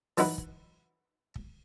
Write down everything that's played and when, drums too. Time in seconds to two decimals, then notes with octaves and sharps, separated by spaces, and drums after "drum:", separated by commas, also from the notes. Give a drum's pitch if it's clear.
0.18 E3 F#3 D#4 E4 B4, drum: open hi-hat
0.38 drum: kick
1.36 drum: kick